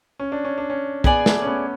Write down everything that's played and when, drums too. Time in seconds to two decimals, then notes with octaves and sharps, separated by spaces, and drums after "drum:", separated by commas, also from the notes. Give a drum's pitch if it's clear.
0.19 C#4
0.32 D4
0.45 C#4
0.58 D4
0.70 C#4
1.04 B3 G#4 D5 G#5, drum: kick
1.26 A3, drum: snare
1.42 C#4
1.47 B3